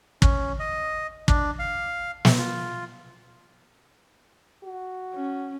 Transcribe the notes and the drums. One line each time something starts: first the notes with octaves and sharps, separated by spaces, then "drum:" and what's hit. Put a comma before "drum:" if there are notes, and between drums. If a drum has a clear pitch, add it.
C#4, drum: kick
D#5
D4, drum: kick
F5
drum: snare
F4
F#4
C#4